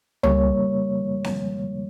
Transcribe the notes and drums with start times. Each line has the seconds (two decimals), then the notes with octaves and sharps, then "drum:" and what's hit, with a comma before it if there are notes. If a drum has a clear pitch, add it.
0.23 C#3 G3 A#3 C#5, drum: tom C#2
1.24 drum: snare C4